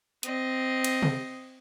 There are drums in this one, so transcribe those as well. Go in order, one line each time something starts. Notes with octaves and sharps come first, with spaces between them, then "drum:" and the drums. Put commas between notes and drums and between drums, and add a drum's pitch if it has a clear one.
C4 D#5, drum: hi-hat
drum: cymbal
drum: tom C3